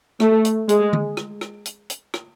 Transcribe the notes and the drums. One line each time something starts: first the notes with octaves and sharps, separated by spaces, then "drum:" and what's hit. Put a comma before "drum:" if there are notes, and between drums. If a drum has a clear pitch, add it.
A3, drum: rim click
drum: hi-hat
G#3, drum: hi-hat
drum: tom D3
drum: rim click
drum: rim click
drum: hi-hat
drum: hi-hat
drum: rim click